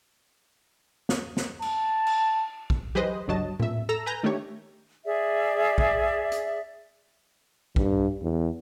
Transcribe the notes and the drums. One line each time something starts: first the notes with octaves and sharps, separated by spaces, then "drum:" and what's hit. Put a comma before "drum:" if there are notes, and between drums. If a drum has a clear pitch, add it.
drum: snare
drum: snare
A5, drum: cymbal
drum: cymbal
drum: kick
G4 G#4 B4 C5 D#5, drum: tom F#3
G1 C#2 G2 F#3 D#5 A5
A#2 E5, drum: tom A2
A4 A#5 E6
B4 G#5 A#5 G6
D#3 A3 D4 G4 C#5
G#4 D5 E5
drum: kick
drum: hi-hat
G2, drum: kick
E2